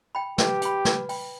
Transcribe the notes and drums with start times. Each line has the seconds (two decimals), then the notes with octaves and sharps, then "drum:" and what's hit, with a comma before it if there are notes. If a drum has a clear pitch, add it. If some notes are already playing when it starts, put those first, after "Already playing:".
0.15 G5 B5
0.38 G4 B4, drum: snare
0.62 G5 B5, drum: hi-hat
0.85 B4, drum: snare
1.09 G5 B5, drum: open hi-hat